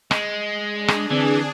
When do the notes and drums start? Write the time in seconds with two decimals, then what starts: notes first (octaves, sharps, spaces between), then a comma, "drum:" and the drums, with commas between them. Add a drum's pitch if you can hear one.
0.11 G#3, drum: rim click
0.69 D4 G#4
0.88 drum: rim click
1.11 D3 E3 C4